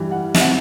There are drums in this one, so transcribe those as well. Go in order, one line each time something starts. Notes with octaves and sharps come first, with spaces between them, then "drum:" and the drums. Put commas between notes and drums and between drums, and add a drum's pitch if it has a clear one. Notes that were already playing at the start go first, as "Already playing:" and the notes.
Already playing: G2 E3 G3
F#5
E5, drum: snare
F#5